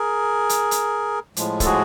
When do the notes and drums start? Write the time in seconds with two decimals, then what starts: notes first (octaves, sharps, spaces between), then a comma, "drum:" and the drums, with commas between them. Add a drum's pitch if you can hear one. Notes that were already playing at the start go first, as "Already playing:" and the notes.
Already playing: G#4 A#4
0.49 drum: hi-hat
0.71 drum: hi-hat
1.36 A2 F3 G#3, drum: hi-hat
1.60 A4, drum: kick, hi-hat
1.65 F#4 G#4